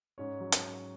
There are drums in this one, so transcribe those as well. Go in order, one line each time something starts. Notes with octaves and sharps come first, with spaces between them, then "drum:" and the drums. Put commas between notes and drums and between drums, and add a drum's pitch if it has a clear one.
G#2 C#4 C#5
F#3
drum: hi-hat